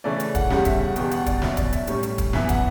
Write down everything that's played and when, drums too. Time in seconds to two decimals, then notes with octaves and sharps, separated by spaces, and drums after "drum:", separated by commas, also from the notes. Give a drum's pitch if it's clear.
0.04 C#3 E3 A3 C#4 D5
0.20 drum: hi-hat
0.35 F#5, drum: kick, hi-hat
0.50 E2 C#3 G3 C#4 F#5, drum: snare
0.65 E5, drum: kick, hi-hat
0.81 F#5
0.96 E2 B2 G3 B3 G5, drum: hi-hat
1.11 F#5, drum: hi-hat
1.26 D5, drum: kick, hi-hat
1.42 B2 F#3 C#4 E5, drum: snare
1.57 D5, drum: kick, hi-hat
1.73 E5, drum: hi-hat
1.87 A2 G3 C#4, drum: hi-hat
2.03 drum: hi-hat
2.18 drum: kick, hi-hat
2.33 F#2 E3 B3 E5, drum: snare
2.49 F#5, drum: kick, hi-hat